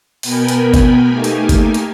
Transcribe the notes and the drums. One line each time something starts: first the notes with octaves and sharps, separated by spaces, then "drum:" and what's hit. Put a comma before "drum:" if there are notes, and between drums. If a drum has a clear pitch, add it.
B2 B3 A#4 G5 G#5 B5, drum: open hi-hat
drum: hi-hat
drum: kick G1, hi-hat
A3 A#3 D#4 G4 G#5
drum: hi-hat
drum: kick G1, hi-hat
drum: hi-hat